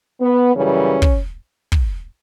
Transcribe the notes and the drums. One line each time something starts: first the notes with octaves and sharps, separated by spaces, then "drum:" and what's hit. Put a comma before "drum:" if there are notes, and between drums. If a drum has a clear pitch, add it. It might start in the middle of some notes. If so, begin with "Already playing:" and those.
B3
F#2 C#3 E3 G3 C#4
drum: kick
drum: kick